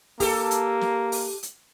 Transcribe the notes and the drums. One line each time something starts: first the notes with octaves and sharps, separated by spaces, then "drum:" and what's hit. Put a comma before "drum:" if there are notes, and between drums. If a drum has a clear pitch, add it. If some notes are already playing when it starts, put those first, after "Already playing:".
A#3 G4 A4, drum: kick, open hi-hat
drum: hi-hat
drum: snare
drum: open hi-hat
drum: hi-hat